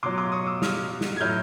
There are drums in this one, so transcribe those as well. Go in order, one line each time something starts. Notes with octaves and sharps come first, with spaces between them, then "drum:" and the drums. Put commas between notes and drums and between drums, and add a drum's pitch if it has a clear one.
B2 F#3 C6 D6
C6 D6
C#6 D#6
D6 E6
D#6 F6, drum: snare
drum: snare
G#6
A2 F#3 F6 G6